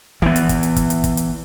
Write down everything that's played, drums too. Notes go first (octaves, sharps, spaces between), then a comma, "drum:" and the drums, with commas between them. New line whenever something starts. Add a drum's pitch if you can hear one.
E3 B3, drum: kick
drum: hi-hat
drum: kick, hi-hat
drum: hi-hat
drum: kick, hi-hat
drum: hi-hat
drum: kick, hi-hat
drum: hi-hat